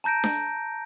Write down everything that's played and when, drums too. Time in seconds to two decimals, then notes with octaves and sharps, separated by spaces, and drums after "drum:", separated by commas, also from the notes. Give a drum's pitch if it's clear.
0.04 A5 A#5 G6 A#6 D7
0.24 drum: snare D4